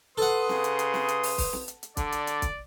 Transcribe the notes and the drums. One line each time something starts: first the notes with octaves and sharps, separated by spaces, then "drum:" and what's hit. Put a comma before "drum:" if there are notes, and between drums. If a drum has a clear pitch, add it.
A4 B4 F#5 C6 D#6
C#3, drum: snare
drum: hi-hat
drum: hi-hat
drum: snare
drum: hi-hat
drum: open hi-hat
drum: kick, open hi-hat
drum: snare
drum: hi-hat
drum: hi-hat
D3 D5, drum: kick, hi-hat
drum: hi-hat
drum: hi-hat
drum: kick, hi-hat